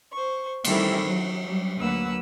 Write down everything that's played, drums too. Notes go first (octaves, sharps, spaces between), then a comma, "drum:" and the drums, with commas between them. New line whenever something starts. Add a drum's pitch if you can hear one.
C5 C#6
D#3 E3 G3 A3 C4 E4, drum: cymbal
F#3
F#3 G3
D2 F#3 A#3 B4 F#5 E6